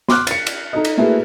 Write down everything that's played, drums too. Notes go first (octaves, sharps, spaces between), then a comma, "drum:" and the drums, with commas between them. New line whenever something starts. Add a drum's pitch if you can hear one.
C6 D6 F6 F#6, drum: snare
A6 C#7, drum: cymbal
drum: cymbal
D#4 A4 D#5
drum: cymbal
A3 A#3 E4 F#4 G#4 B4